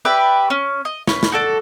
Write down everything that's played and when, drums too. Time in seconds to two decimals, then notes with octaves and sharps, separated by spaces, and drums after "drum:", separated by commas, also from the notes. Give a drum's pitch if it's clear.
0.05 G4 B4 D5 E5
0.50 C#4
0.85 D#5
1.07 C#4 B4, drum: snare
1.23 drum: snare
1.32 F#4 A4 D5